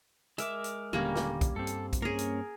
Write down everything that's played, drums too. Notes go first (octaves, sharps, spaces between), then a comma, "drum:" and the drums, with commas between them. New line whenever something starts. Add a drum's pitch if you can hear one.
G#3 A#4 E5 D6, drum: hi-hat
drum: hi-hat
D#1 D3 G3 A#3 C#4
drum: snare
drum: kick B1, hi-hat
G2 C4 A4
drum: hi-hat
drum: kick B1, hi-hat
A#3 C#4 G#4 A#4
drum: hi-hat